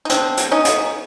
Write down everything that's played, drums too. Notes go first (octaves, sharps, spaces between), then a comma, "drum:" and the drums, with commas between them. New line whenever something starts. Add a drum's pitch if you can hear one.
D#4
B2 C4 D4, drum: hi-hat
F#3, drum: hi-hat
C#4 D#4
B3, drum: hi-hat